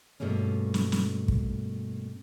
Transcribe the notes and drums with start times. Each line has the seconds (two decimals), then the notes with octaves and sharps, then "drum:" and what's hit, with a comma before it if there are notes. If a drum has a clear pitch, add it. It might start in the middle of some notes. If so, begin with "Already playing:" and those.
0.20 G2 B2 A3 A#3 C#4
0.74 drum: snare
0.92 drum: snare
1.28 drum: kick